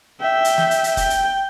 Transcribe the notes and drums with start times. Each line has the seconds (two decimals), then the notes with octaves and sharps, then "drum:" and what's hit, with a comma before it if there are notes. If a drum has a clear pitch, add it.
0.20 E5 G5
0.45 drum: hi-hat
0.58 drum: snare
0.71 drum: hi-hat
0.84 drum: hi-hat
0.97 G5, drum: kick F1, hi-hat
1.10 drum: hi-hat